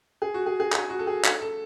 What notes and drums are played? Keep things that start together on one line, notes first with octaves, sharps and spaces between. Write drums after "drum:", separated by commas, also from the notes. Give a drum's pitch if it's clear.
G#4
F#4
G#4
G#4
G#4, drum: clap
F#4
A4
G#4
A4, drum: clap
A4